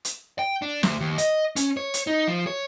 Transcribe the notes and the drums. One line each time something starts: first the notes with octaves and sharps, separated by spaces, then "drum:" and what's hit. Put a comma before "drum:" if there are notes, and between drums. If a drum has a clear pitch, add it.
drum: hi-hat
G5
D4
D2, drum: snare
D#2
D#5, drum: hi-hat
C#4, drum: hi-hat
C#5
drum: hi-hat
D#4
F3
C#5